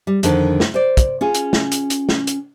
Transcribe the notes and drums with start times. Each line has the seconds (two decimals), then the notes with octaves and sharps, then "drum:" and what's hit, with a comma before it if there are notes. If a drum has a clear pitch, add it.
0.07 G3
0.23 F2 D3 D#3 A4, drum: hi-hat
0.60 drum: snare
0.74 C5 D5
0.97 drum: kick, hi-hat
1.21 C#4 F4 G#4
1.34 drum: hi-hat
1.53 drum: snare
1.72 drum: hi-hat
1.90 drum: hi-hat
2.09 drum: snare
2.27 drum: hi-hat